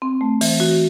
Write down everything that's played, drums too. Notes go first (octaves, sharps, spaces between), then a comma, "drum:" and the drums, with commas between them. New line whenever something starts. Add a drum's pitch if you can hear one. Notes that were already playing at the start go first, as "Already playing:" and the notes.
C4
A3
E3, drum: open hi-hat
F#4